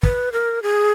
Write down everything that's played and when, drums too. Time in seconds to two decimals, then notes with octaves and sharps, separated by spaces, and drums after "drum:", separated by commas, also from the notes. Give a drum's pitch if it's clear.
0.03 B4, drum: kick
0.32 A#4
0.63 G#4